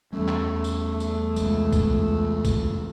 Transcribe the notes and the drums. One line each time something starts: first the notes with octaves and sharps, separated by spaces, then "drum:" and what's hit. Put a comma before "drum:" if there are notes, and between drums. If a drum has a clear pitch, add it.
E2 G3 A3 C#4
drum: clap
drum: tambourine
drum: tambourine
C2 G#3, drum: tambourine
drum: kick, tambourine
drum: kick, tambourine